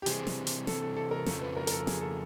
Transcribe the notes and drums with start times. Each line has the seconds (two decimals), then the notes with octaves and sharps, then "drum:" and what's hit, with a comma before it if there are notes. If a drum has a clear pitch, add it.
0.02 G4
0.06 C3 E3 G3 C4 G#4, drum: hi-hat
0.27 drum: snare
0.47 drum: hi-hat
0.67 A4, drum: snare
0.82 A4
0.97 A4
1.11 A#4
1.26 F2 C#3 F3 A4, drum: snare
1.41 B4
1.57 A#4
1.67 A#4, drum: hi-hat
1.71 A4
1.87 G#4, drum: snare
2.01 A4